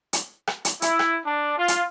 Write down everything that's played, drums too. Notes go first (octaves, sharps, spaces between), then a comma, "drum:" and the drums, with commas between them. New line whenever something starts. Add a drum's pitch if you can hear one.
drum: hi-hat
drum: rim click
drum: hi-hat
E4, drum: hi-hat
drum: rim click
D4
F4
drum: hi-hat